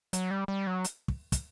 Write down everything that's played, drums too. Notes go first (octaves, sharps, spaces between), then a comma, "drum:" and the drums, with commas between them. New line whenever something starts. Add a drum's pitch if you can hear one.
F#3, drum: hi-hat
G3
G3
F#3
drum: hi-hat
drum: kick
drum: kick, hi-hat